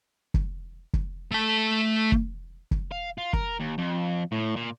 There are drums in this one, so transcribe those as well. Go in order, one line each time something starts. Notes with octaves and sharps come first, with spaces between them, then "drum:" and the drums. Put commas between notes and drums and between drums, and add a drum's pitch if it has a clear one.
drum: kick
drum: kick
A3 A5
drum: kick
drum: kick
F5
F4
A#4, drum: kick
D#2
F2
A2
A#2